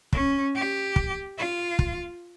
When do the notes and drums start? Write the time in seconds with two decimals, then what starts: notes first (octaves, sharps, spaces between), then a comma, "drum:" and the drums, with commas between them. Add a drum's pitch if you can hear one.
0.13 C#4, drum: kick
0.55 G4
0.96 drum: kick
1.38 F4
1.79 drum: kick